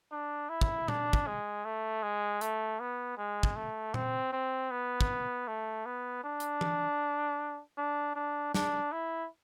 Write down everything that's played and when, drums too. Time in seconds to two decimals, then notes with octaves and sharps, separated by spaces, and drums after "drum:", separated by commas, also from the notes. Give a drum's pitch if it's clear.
0.12 D4
0.49 E4
0.61 drum: kick
0.88 D4, drum: tom A#2
1.13 drum: kick
1.26 G#3
1.65 A3
2.03 G#3
2.41 A3, drum: hi-hat
2.80 B3
3.18 G#3
3.43 drum: kick
3.56 A3
3.94 C4, drum: tom A#2
4.33 C4
4.71 B3
5.01 drum: kick
5.48 A3
5.86 B3
6.24 D4
6.40 drum: hi-hat
6.61 drum: tom
7.78 D4
8.16 D4
8.54 D4, drum: snare
8.92 E4